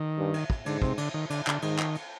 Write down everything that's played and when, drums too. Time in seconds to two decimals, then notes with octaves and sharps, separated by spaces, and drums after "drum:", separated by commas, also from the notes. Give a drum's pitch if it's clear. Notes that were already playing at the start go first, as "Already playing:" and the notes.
Already playing: D#3
0.18 G2
0.34 drum: cymbal
0.50 drum: kick
0.66 G#2 D3, drum: cymbal
0.82 C3, drum: kick
0.98 D3, drum: cymbal
1.14 D#3
1.30 D3, drum: cymbal
1.47 D3, drum: clap
1.62 G#2 D#3, drum: cymbal
1.79 drum: clap
1.95 drum: cymbal